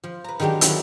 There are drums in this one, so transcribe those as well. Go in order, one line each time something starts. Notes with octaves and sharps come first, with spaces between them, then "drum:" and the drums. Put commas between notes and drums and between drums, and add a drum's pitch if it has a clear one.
F3
B4 A#5
D#3 F#3 G#3 D4 G4
D#3 F#3 C#4 D#4 E4 A#4, drum: hi-hat